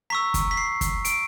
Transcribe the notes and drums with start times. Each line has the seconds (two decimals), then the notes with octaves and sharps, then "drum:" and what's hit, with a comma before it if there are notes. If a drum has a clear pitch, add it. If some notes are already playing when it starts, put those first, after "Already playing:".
0.10 A#5 C#6 E6 B6
0.34 drum: kick, hi-hat
0.51 B6
0.57 C7
0.81 drum: kick, hi-hat
1.05 D7, drum: hi-hat